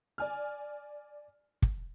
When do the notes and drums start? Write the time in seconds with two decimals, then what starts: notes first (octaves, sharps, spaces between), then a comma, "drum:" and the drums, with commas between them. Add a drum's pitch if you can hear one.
0.18 D5 G#5 F6
1.62 drum: kick